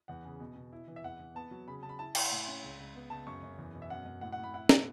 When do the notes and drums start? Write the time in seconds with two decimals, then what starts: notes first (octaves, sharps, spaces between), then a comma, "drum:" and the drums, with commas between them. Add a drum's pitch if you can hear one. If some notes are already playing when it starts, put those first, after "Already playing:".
0.08 E2 F#5
0.25 C#3
0.40 B2
0.56 B2
0.73 E4
0.88 E3
0.96 E5
1.04 E2 F#5
1.19 E3
1.35 B3 A5
1.51 F#3
1.67 C#3 B5
1.83 C#3 A5
1.89 B5
1.99 E4 A5
2.15 E4, drum: cymbal
2.31 A2 F#5
2.47 C#4
2.63 C#2
2.79 C#2
2.95 B3
3.10 C#2 A5
3.27 F#2 C#6
3.43 F#2
3.58 E2
3.74 B2
3.82 E5
3.90 F#2 F#5
4.06 F#2
4.21 A2 F#5
4.32 F#5
4.38 A2
4.44 B5
4.53 E4 F#5
4.69 B2, drum: snare